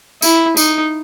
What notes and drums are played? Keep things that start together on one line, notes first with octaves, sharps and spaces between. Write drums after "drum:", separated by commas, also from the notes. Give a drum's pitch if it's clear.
E4, drum: tambourine
D#4, drum: tambourine